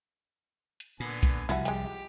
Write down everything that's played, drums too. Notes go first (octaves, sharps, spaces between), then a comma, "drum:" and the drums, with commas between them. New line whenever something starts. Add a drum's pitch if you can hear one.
drum: hi-hat
A#2 D3 B3 G#5
drum: kick B1, hi-hat
C2 F3 G3 E4 F#4 G#5
G#3 G4 G5, drum: hi-hat